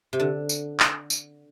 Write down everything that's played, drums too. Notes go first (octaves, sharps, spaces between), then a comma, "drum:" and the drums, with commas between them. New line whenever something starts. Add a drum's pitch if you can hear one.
C3
D3
drum: tambourine
drum: clap
drum: tambourine